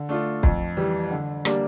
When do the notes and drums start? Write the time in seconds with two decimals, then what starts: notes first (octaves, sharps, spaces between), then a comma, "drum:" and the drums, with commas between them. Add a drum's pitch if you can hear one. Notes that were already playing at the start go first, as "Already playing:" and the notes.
Already playing: D3
0.09 A3 D4 F4
0.43 F2, drum: kick
0.77 E3 G3
1.11 D3
1.45 G3 A#3 D4, drum: rim click